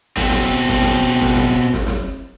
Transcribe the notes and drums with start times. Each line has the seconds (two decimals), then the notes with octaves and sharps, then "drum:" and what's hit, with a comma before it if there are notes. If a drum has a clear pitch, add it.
0.17 B2 C4, drum: snare
0.30 drum: snare
0.69 drum: snare
0.82 drum: snare
1.21 drum: snare
1.34 drum: snare
1.74 drum: snare
1.87 drum: snare